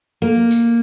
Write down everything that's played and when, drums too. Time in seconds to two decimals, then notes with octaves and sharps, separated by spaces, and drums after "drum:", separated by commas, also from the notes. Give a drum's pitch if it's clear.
0.22 A#3
0.51 drum: tambourine